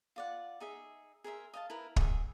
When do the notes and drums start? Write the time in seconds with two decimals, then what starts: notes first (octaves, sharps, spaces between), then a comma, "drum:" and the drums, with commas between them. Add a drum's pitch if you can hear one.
0.16 F4 D5 F#5
0.60 D#4 G#4 E5
1.24 G#4 A#4 C5 E5
1.54 D#5 F5 G5 A5
1.70 E4 A#4 B4
1.96 G#4 E5, drum: kick